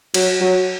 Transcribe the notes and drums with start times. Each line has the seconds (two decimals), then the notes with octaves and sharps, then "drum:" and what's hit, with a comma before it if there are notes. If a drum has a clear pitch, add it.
0.14 F#3, drum: cymbal
0.41 F#3